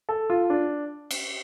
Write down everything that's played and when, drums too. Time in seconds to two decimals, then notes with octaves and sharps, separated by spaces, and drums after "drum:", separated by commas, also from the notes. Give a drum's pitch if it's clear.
0.09 A4
0.30 F4
0.50 D4
1.11 drum: cymbal